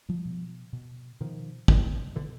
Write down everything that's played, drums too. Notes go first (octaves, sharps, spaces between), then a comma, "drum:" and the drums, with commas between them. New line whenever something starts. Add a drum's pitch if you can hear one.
F3 G3
B2
B2
B2 D#3 F3
B2, drum: kick
B2 D3 E3